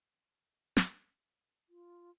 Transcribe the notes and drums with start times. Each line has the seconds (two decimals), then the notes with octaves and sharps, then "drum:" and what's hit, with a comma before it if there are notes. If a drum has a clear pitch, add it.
0.77 drum: snare
1.69 F4